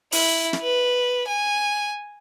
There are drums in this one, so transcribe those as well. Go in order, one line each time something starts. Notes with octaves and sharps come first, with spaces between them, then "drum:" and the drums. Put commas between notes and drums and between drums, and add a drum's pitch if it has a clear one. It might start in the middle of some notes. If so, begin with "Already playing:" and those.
E4, drum: open hi-hat
drum: snare
B4
G#5